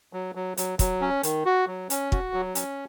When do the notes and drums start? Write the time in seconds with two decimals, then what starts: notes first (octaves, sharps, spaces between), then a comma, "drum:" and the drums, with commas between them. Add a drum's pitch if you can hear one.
0.13 F#3
0.35 F#3
0.57 F#3, drum: hi-hat
0.79 F#3, drum: kick, hi-hat
1.01 C#4
1.23 D#3, drum: hi-hat
1.45 F#4
1.67 F#3
1.90 C#4, drum: hi-hat
2.12 F#4, drum: kick
2.34 F#3
2.55 C#4, drum: hi-hat